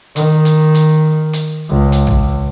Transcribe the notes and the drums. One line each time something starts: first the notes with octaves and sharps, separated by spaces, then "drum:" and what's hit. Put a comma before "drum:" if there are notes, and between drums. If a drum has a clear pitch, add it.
D#3, drum: hi-hat
drum: hi-hat
drum: hi-hat
drum: hi-hat
C#2
drum: hi-hat
drum: tom A#1